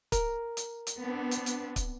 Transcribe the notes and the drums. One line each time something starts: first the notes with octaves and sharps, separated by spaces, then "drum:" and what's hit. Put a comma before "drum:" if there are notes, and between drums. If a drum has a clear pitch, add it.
A#4, drum: kick C#1, hi-hat
drum: hi-hat
drum: hi-hat
B3 C4 D4
drum: hi-hat
drum: hi-hat
drum: kick C#1, hi-hat